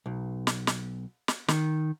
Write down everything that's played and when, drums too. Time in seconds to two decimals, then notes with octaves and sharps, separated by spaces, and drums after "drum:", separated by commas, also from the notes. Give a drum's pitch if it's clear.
0.06 B1
0.47 drum: snare
0.67 drum: snare
1.28 drum: snare
1.48 D#3, drum: snare